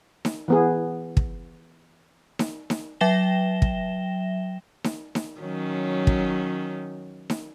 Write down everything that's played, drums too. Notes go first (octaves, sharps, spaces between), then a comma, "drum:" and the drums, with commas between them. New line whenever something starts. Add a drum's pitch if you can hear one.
drum: snare D#4
E3 B3 G#4
drum: kick
drum: snare D#4
drum: snare D#4
F#3 E5 G5 A#6 E7 G7
drum: kick
drum: snare D#4
drum: snare D#4
D#3 F#3 C#4
drum: kick
drum: snare D#4